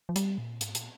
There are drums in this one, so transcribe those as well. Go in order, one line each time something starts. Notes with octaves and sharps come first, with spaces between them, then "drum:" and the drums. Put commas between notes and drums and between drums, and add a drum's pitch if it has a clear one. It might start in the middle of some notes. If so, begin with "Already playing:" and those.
F3
G3, drum: hi-hat
A#2
G#2, drum: hi-hat
A#2, drum: hi-hat